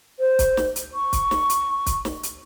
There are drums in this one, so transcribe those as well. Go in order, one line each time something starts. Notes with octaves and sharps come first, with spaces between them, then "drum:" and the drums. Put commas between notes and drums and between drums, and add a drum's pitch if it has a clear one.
C5
drum: kick, hi-hat
drum: snare
drum: hi-hat
C#6
drum: kick, hi-hat
drum: snare
drum: hi-hat
drum: kick, hi-hat
drum: snare
drum: hi-hat